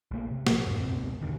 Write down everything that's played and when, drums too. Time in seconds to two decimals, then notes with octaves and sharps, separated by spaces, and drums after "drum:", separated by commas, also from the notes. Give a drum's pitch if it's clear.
0.11 A#1 A3 A#3
0.31 C3
0.47 A#2 F3, drum: snare
0.67 F#2 A2
0.81 F1 C#2 B2 C4
1.21 E1 D#2 D3 D#3